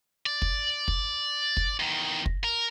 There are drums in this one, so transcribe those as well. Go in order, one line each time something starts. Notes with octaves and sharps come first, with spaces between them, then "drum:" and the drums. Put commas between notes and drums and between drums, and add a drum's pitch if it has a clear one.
D5
drum: kick
drum: kick
drum: kick
E2 D#3
drum: kick
A#4